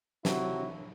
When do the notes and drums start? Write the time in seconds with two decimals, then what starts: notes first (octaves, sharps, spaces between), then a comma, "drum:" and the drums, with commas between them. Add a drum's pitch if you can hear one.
0.25 C3 F#3 E4 F#4, drum: snare